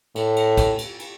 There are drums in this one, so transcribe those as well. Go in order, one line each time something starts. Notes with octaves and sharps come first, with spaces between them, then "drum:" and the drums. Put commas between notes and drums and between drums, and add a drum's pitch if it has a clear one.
A2, drum: cymbal
drum: cymbal
drum: kick, cymbal
drum: cymbal
drum: cymbal